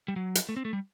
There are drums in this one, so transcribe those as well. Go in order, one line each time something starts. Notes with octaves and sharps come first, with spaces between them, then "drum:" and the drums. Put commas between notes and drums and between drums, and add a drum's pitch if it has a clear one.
G3
F#3
drum: hi-hat
A3
C4
A3
G3